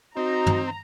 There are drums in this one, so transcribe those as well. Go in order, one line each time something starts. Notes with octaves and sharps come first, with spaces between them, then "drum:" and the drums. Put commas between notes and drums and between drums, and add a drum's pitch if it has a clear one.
C4 D#4 F#4 A#5
drum: tom